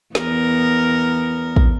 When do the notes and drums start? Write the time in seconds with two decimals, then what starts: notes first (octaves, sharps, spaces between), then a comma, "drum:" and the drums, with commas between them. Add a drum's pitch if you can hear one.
0.15 E2 B3 A#4, drum: snare
1.56 drum: kick